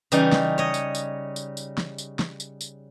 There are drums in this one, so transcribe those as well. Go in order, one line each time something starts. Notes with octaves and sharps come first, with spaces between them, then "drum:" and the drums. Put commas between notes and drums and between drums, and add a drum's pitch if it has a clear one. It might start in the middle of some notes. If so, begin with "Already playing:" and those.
C#3 E3 G3 C#4 D#4, drum: tambourine
drum: snare
C#5 D#5
drum: tambourine
drum: tambourine
drum: tambourine
drum: tambourine
drum: snare
drum: tambourine
drum: snare
drum: tambourine
drum: tambourine